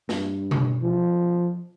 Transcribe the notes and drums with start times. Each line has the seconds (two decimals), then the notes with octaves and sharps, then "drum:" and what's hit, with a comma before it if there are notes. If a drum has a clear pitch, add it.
0.09 G2, drum: snare A#3
0.51 drum: tom B2
0.82 F3